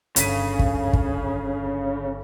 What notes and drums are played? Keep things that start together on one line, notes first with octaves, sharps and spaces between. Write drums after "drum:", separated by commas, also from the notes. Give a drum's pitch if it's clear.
G1 C#3 B6 D#7, drum: hi-hat
drum: kick
drum: kick